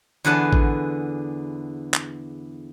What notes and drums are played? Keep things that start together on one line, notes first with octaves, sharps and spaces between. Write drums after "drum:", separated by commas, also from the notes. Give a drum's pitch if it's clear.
E2 D3 G#4 B4 F#5 A5
drum: kick A1
drum: clap